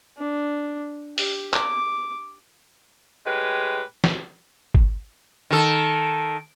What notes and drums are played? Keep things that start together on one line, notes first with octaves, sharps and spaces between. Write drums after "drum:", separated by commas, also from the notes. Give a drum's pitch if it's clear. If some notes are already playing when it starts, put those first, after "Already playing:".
D4
G4, drum: open hi-hat
D6, drum: clap
A2 G#3 G4 B4
drum: snare
drum: kick
D#3 A4